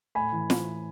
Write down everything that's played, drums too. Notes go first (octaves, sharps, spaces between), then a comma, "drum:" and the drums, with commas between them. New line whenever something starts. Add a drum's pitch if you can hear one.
A2 G#5 B5
E3
drum: snare